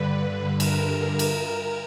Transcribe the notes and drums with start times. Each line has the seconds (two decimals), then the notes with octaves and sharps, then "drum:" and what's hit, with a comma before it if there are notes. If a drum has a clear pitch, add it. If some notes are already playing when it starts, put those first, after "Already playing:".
Already playing: G2 D3 B4
0.60 A#4, drum: cymbal
1.19 drum: cymbal